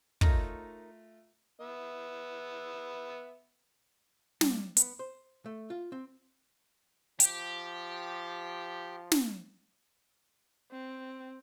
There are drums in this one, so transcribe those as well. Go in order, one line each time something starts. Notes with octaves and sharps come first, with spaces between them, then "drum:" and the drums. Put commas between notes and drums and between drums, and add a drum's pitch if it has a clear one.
A3 D#4 F4 A#4 C#5 A#5, drum: kick
B3 E5
G3, drum: snare
B3, drum: hi-hat
C5
A3
F4
C4
F3 G4, drum: hi-hat
drum: snare
C4